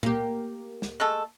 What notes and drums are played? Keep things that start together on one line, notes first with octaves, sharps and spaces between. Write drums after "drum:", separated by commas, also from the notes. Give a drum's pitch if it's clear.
A#3 G4, drum: tom A#2
drum: snare
G#3 A3 A4